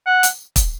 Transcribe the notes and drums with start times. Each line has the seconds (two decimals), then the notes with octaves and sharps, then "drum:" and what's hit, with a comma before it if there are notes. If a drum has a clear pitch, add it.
0.06 F#5
0.23 drum: hi-hat
0.56 drum: kick, hi-hat